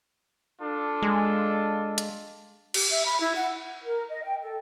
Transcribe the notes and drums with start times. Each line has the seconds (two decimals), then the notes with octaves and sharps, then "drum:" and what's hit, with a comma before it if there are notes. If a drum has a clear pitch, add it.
0.61 D4 F4 A4
1.02 G#3
1.98 drum: hi-hat
2.74 G4, drum: cymbal
2.91 E5
3.06 B5
3.21 E4
3.36 F#5
3.84 A#4
4.09 D#5
4.23 G5
4.42 A4